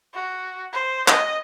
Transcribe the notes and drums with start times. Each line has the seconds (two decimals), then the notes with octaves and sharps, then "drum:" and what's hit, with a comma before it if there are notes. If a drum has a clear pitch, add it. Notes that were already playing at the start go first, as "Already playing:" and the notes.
0.14 F#4
0.73 C5
1.08 D#5, drum: clap